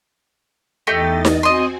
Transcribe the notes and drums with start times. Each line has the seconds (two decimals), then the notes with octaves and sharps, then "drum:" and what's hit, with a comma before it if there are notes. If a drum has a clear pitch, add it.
0.87 E2 A3 D#4 G4 D#5 A6
1.25 drum: snare D#4
1.43 C4 F#4 D#5 G#5 C6